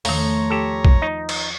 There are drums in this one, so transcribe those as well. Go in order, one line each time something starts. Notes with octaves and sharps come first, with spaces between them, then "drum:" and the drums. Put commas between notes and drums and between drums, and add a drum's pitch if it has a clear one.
E2 D#3 F3 A3 C#5 A#5, drum: open hi-hat
G4 A4
drum: kick A#1
D#4
drum: cymbal